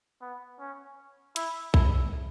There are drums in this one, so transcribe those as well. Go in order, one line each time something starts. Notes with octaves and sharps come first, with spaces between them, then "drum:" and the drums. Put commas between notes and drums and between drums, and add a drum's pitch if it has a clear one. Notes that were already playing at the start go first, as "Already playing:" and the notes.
B3
C#4
E4, drum: hi-hat
E4, drum: kick B1